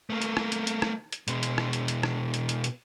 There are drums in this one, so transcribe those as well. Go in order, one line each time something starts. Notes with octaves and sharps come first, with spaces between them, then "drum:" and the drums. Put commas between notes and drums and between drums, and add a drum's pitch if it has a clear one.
A3 A#3
drum: hi-hat
drum: rim click
drum: hi-hat
drum: hi-hat
drum: rim click
drum: hi-hat
B2 G#3, drum: hi-hat
drum: hi-hat
drum: rim click
drum: hi-hat
drum: hi-hat
drum: rim click
drum: hi-hat
drum: hi-hat
drum: hi-hat